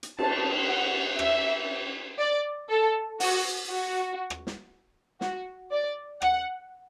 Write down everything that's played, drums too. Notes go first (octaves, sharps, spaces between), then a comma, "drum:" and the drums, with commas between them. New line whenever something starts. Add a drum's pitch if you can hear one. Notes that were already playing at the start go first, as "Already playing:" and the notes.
drum: hi-hat
A5, drum: cymbal
F#5
E5, drum: rim click
D5
A4
F#4, drum: open hi-hat
F#4
drum: rim click
drum: snare
F#4, drum: snare
D5
F#5, drum: rim click